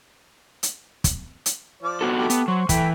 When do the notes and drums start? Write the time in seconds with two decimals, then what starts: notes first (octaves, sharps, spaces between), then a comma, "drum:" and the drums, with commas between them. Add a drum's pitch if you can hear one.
0.63 drum: hi-hat
1.04 drum: kick, hi-hat
1.46 drum: hi-hat
1.82 F3 D5 D6
2.01 B3 F#4 A4
2.17 A3 G4
2.30 B3, drum: hi-hat
2.48 F#3 C5 C#6
2.69 E3 A3 G5 B5, drum: kick, hi-hat